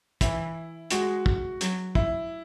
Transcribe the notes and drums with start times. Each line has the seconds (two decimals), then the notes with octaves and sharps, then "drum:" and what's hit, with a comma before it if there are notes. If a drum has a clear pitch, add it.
0.21 E3 E4, drum: kick, hi-hat
0.90 G#3 F#4, drum: hi-hat
1.26 drum: kick
1.61 F#3, drum: hi-hat
1.95 E4, drum: kick